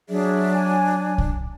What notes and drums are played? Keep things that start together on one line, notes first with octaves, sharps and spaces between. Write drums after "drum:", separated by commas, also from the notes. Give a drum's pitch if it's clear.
F#3 D4 G#4 D5 E5
G#5
drum: kick B1